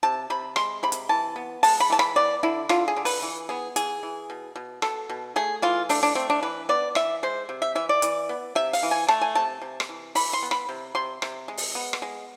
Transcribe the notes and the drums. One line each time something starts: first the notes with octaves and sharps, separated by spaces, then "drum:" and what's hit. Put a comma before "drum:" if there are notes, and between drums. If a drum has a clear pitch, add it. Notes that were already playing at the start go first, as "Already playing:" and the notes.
C3 A5
C3 B5
G#3 C6, drum: rim click
C3 B5
drum: hi-hat
E3 A5
B3
G#3 A5, drum: open hi-hat
B5
E3 A5
B5, drum: rim click
B3 D5
D3 E4
D3 F4, drum: rim click
G#4
D3
B4, drum: open hi-hat
E3
B3 G#4
E3 G#4, drum: hi-hat
E3
B2
B2
B2 A4, drum: rim click
B2
A3 G#4
E3 F4
A3 D4, drum: open hi-hat
D4
A3 C4
D4
E3 B4
B3 D5
E3 E5, drum: rim click
G#3 C5
C3
E5
E3 E5
D5
E3, drum: hi-hat
B3
C3 E5
F5, drum: open hi-hat
E3
G#5
A3 A5, drum: rim click
G#5
C3 A5
C3
drum: rim click
E3
E3 B5, drum: open hi-hat
C6
B3
B5, drum: rim click
C3
C3 C6
C3, drum: rim click
G#3
drum: open hi-hat
B3
drum: rim click
G#3